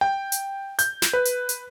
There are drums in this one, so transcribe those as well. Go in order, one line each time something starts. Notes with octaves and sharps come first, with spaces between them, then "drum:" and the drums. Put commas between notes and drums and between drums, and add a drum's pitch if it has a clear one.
G5
drum: hi-hat
G6, drum: hi-hat
drum: snare
B4
drum: hi-hat
drum: hi-hat